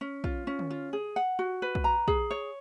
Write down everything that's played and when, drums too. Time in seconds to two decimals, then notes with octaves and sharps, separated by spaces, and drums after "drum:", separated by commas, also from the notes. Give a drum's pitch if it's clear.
0.01 C#4
0.24 F4, drum: kick
0.47 C#4
0.59 drum: tom D3
0.70 F4
0.93 G#4
1.16 F#5
1.39 F#4
1.62 B4
1.75 drum: kick
1.84 A#5
2.08 G#4, drum: kick
2.31 C#5